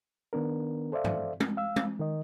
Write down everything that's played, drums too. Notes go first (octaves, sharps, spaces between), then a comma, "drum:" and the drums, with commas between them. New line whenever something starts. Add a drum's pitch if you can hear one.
D#3 B3 D4 A#4
A4 C5 D5 E5 F5
drum: tom G2
drum: tom G#3
F5 E6
drum: tom G#3
D#3 A#4 D#5